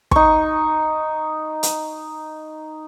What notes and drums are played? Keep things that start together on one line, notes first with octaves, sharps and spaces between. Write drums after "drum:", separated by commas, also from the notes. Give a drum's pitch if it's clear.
D#4 C#6, drum: kick
drum: hi-hat